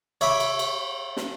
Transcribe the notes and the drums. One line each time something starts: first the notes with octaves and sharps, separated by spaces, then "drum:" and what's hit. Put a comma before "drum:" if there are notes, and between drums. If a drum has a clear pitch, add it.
C#5 E5 B5 D6, drum: cymbal
drum: cymbal
drum: cymbal
drum: snare